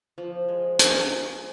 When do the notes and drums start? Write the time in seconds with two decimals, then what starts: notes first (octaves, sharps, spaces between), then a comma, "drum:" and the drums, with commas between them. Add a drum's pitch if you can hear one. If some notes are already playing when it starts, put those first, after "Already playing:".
0.18 F3
0.48 G#3
0.79 G#3, drum: hi-hat
1.08 F3